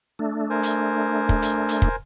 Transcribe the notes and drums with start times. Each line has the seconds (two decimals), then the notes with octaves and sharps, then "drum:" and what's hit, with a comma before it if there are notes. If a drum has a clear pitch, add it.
0.19 A3 D4
0.50 A#4 C5 G#5
0.63 drum: hi-hat
1.29 drum: kick
1.42 drum: hi-hat
1.69 drum: hi-hat
1.82 drum: kick